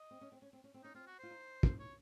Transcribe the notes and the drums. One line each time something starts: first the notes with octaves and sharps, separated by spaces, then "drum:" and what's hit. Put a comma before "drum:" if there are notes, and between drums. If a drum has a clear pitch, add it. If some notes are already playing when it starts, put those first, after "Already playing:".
Already playing: D#5
C4
C#4
C4
C#4
C4
C#4
C4
C#4 D#4
C4 F4
F#4
F4 C5
D#4
drum: kick
C#5